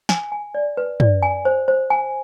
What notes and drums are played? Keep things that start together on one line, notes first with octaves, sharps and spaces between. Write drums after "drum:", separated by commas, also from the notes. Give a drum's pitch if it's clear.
G#5, drum: snare
G#5
D5
B4
D5, drum: tom
G#5
C5
C5
G#5